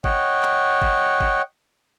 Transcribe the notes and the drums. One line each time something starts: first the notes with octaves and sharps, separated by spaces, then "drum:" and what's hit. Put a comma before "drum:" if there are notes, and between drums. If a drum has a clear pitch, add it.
C#5 D#5 F#5 G5, drum: kick G#1
drum: clap
drum: kick G#1
drum: kick G#1